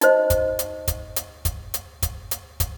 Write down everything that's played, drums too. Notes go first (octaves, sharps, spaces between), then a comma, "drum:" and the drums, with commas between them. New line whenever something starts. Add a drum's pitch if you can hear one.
D#4 F#4 C5 D#5, drum: hi-hat
drum: kick, hi-hat
drum: hi-hat
drum: kick, hi-hat
drum: hi-hat
drum: kick, hi-hat
drum: hi-hat
drum: kick, hi-hat
drum: hi-hat
drum: kick, hi-hat